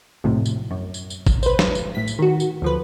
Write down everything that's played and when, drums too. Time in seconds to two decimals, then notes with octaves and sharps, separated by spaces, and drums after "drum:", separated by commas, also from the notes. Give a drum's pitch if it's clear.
0.24 B1 F2 A2 C3
0.46 drum: tambourine
0.71 F#2
0.94 drum: tambourine
1.10 drum: tambourine
1.27 drum: kick, tambourine
1.43 B4 C5, drum: tambourine
1.59 drum: snare
1.75 drum: tambourine
1.95 A2 B6
2.08 drum: tambourine
2.19 D#3 F#4
2.40 drum: tambourine
2.62 D2 F3 B4